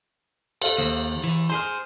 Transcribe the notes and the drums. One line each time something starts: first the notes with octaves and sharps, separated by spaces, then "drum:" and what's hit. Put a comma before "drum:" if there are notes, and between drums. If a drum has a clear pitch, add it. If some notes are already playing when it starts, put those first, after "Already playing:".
A4 C5 F5, drum: cymbal
D#2
E3
G#4 C5 C6 F6